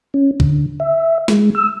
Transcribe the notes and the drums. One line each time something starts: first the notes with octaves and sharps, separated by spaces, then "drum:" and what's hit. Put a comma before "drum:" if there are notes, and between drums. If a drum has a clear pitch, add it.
C#4
D3, drum: kick
E5
G#3, drum: snare
E6